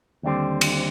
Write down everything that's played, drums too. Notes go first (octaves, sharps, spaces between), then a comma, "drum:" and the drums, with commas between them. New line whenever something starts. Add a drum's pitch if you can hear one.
D#2 D3 G3 C4
drum: cymbal